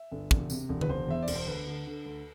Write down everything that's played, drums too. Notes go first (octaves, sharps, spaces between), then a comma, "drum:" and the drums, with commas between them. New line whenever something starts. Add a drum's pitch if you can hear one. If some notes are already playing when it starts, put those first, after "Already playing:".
Already playing: E5
G1
E1, drum: kick
C3, drum: tambourine
E1
B4, drum: tom D3
E1 C5
E2 E5
D5
E1, drum: cymbal
C5
D2 B4
D3
D3
D2